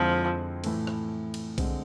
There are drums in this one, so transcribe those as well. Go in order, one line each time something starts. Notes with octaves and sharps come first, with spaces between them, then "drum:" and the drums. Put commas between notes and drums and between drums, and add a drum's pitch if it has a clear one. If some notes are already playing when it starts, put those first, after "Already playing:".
Already playing: F2 D3 F3 G#3 C4 E4
A2 E3 A3, drum: cymbal
drum: rim click
drum: cymbal
D3 G#3 C4, drum: kick B1, cymbal